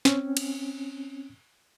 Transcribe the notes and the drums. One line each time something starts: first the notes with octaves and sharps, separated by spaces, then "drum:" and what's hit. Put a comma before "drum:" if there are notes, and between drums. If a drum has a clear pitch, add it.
C4 C#4, drum: snare
drum: cymbal